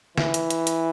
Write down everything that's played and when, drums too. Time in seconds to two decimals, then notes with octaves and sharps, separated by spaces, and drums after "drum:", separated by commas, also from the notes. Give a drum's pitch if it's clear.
0.18 E3, drum: snare
0.34 drum: hi-hat
0.50 drum: hi-hat
0.67 drum: hi-hat